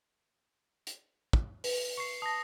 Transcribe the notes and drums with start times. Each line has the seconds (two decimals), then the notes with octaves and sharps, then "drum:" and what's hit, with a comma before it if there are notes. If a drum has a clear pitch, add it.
0.87 drum: hi-hat
1.33 drum: kick
1.64 B4, drum: open hi-hat
1.97 C#6 C7 C#7
2.22 A5 D#6 A#6